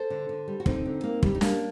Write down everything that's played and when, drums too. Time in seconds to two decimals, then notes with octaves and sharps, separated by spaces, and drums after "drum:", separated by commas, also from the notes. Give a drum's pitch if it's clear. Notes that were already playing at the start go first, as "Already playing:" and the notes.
Already playing: A4 C5
0.10 D3
0.29 D3
0.48 G3
0.60 F#4
0.66 D3 C4 D#4, drum: kick
0.86 D3
1.03 A#3
1.23 G3, drum: kick
1.35 D#4
1.41 G3 A#3 D4, drum: snare